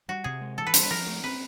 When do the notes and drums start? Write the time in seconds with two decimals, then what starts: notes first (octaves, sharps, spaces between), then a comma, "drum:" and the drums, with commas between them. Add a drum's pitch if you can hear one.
0.08 G3 F#4
0.24 C3 G#4
0.41 G#3
0.58 E3 A4
0.67 B4
0.74 G3 C5, drum: hi-hat
0.83 B4
0.91 F3 A#4
1.07 A3
1.24 C4 B4